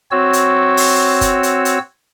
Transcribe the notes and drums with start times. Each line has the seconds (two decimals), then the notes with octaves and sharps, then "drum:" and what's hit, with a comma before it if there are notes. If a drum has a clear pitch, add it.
0.11 C4 F#4 C#5 E6
0.33 drum: hi-hat
0.77 drum: open hi-hat
1.21 drum: kick F#1, hi-hat
1.43 drum: hi-hat
1.65 drum: hi-hat